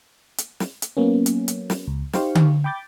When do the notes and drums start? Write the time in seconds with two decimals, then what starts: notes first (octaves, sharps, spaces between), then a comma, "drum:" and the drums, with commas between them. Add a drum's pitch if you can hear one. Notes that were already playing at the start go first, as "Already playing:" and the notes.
0.38 drum: hi-hat
0.60 drum: snare
0.82 drum: hi-hat
0.97 F#3 A#3 B3 C#4
1.26 drum: hi-hat
1.48 drum: hi-hat
1.70 drum: snare
1.87 C#2
2.13 D#4 G4 C5 F5 C#6, drum: snare
2.35 drum: tom D3
2.64 G5 B5 D6 G6 A6